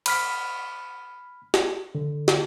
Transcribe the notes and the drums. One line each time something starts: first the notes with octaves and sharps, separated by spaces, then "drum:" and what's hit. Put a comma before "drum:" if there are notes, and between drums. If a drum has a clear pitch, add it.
B5 F6 B6, drum: cymbal
drum: snare
D3
drum: snare